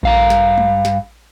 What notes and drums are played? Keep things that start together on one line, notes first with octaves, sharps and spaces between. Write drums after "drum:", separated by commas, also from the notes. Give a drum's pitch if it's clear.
G2 F5 A#5, drum: kick A#1
drum: snare
drum: tom G#3
drum: snare